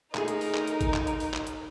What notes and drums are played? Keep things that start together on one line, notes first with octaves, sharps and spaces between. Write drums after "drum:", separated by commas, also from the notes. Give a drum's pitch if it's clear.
A3 D#4 G#4 A#4, drum: clap
drum: hi-hat
drum: open hi-hat
drum: clap
drum: hi-hat
drum: kick G#1, hi-hat
drum: clap
drum: hi-hat
drum: open hi-hat
drum: clap
drum: hi-hat